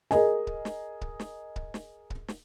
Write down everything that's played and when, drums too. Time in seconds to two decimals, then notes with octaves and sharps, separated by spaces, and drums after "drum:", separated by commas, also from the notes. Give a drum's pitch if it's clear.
0.11 G#4 A#4 D#5 G#5, drum: snare
0.47 drum: kick C#1
0.65 drum: snare
1.01 drum: kick C#1
1.20 drum: snare
1.56 drum: kick C#1
1.74 drum: snare
2.10 drum: kick C#1
2.28 drum: snare